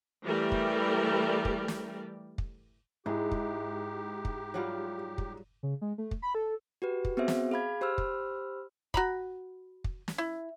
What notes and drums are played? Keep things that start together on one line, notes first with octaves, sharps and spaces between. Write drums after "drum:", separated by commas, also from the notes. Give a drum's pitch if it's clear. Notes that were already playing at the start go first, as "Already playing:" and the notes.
E3 G3 A3 G4 A#4 D5
drum: kick
drum: kick
drum: snare
drum: kick
G#2 G#3 E4 G4 E5
drum: kick
drum: kick
F#3 G3 F4
drum: kick
C#3
G#3
A3
drum: kick
B5
A4
F#4 G4 B4
drum: kick
B3 C4 F#4 G#4 C5 E5
drum: snare
G#4 F5 B5 G#6
G4 C5 B5 E6 F6
drum: kick
F#4 A#5 B5, drum: kick
drum: kick
drum: snare
E4